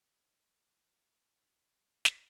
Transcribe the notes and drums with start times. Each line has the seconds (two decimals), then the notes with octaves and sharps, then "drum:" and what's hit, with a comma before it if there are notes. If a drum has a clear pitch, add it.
0.13 A#1 F#2
2.05 drum: snare